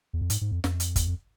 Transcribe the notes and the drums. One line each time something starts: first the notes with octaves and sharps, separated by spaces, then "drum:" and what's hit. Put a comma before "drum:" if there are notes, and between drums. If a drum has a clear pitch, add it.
E2
F2
G#2, drum: hi-hat
G#2
F2
F2, drum: snare
drum: hi-hat
E2, drum: kick, hi-hat
F2